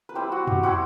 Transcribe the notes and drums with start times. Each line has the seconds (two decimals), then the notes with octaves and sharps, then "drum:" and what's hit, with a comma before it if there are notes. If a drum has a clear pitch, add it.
0.09 B4
0.15 G3 C4 E4 C5
0.32 F#4
0.47 G4, drum: tom F2
0.63 G3 C4 E4 F#4